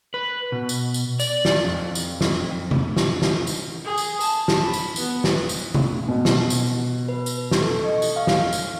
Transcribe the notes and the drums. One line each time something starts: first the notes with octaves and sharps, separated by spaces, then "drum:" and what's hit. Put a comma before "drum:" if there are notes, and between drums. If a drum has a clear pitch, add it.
B4
B2
drum: tambourine
drum: tambourine
D5, drum: tambourine
drum: snare
F2
drum: tambourine
drum: snare
drum: tom C3
drum: snare
drum: snare
drum: tambourine
G#4
drum: tambourine
A5, drum: tambourine
drum: snare
B5
drum: tambourine
B3, drum: tambourine
drum: snare
drum: tambourine
drum: tom C3
B2
drum: snare
drum: tambourine
B4
drum: tambourine
drum: snare
A4
D#5 C#6
drum: tambourine
F5 C#6
drum: snare
drum: tambourine